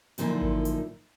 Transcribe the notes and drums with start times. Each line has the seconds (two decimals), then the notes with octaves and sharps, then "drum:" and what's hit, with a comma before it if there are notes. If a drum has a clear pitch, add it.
0.18 F#2 A#2 D3 F3 D#4 E4, drum: hi-hat
0.41 drum: kick G#1
0.65 drum: hi-hat